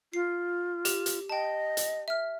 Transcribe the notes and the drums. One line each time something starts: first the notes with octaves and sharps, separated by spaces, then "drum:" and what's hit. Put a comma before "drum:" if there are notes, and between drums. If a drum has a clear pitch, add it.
F4 C7
G4 F7, drum: hi-hat
drum: hi-hat
D#5 G5 A5
drum: hi-hat
E5 F6